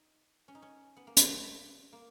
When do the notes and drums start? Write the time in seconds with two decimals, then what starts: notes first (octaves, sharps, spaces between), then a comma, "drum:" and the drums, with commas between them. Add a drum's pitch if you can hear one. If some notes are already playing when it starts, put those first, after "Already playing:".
Already playing: D#4
0.48 C#4
0.55 D#4
0.62 C#4
0.97 B3
1.07 A#3
1.17 B3, drum: hi-hat
1.93 A#3